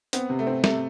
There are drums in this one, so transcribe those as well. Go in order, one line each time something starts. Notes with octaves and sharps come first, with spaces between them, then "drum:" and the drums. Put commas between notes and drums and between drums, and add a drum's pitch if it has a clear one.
B3 C4, drum: hi-hat
C3
A3
C4
C3 A3, drum: snare